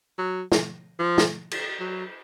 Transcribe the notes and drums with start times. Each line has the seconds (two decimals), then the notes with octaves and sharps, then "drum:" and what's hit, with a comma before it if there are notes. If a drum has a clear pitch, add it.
0.18 F#3
0.52 drum: snare
0.99 F3
1.18 drum: snare
1.51 drum: cymbal
1.80 F#3